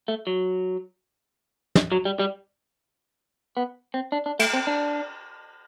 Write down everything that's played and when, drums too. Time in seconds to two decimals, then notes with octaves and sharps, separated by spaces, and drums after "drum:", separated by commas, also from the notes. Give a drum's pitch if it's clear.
0.08 A3
0.27 F#3
1.75 drum: snare
1.92 F#3
2.05 G3
2.19 G3
3.57 B3
3.94 C4
4.12 D4
4.26 D4
4.39 A3, drum: cymbal
4.53 C4
4.67 D4